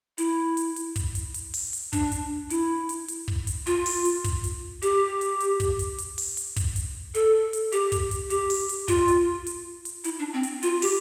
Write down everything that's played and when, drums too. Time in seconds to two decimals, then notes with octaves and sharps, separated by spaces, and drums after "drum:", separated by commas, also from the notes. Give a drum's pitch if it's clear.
0.18 E4, drum: hi-hat
0.57 drum: hi-hat
0.76 drum: hi-hat
0.96 drum: kick, hi-hat
1.15 drum: hi-hat
1.34 drum: hi-hat
1.54 drum: open hi-hat
1.73 drum: hi-hat
1.93 D4, drum: kick, hi-hat
2.12 drum: hi-hat
2.50 E4, drum: hi-hat
2.89 drum: hi-hat
3.08 drum: hi-hat
3.28 drum: kick
3.47 drum: hi-hat
3.67 F4, drum: hi-hat
3.86 drum: open hi-hat
4.05 drum: hi-hat
4.24 drum: kick, hi-hat
4.44 drum: hi-hat
4.82 G4, drum: hi-hat
5.21 drum: hi-hat
5.40 drum: hi-hat
5.60 drum: kick, hi-hat
5.79 drum: hi-hat
5.98 drum: hi-hat
6.18 drum: open hi-hat
6.37 drum: hi-hat
6.56 drum: kick, hi-hat
6.76 drum: hi-hat
7.15 A4, drum: hi-hat
7.53 drum: hi-hat
7.72 G4, drum: hi-hat
7.92 drum: kick, hi-hat
8.11 drum: hi-hat
8.30 G4, drum: hi-hat
8.50 drum: open hi-hat
8.69 drum: hi-hat
8.88 F4, drum: kick, hi-hat
9.08 drum: hi-hat
9.46 drum: hi-hat
9.85 drum: hi-hat
10.04 E4, drum: hi-hat
10.19 D4
10.33 C4
10.43 drum: hi-hat
10.63 F4, drum: hi-hat
10.82 G4, drum: open hi-hat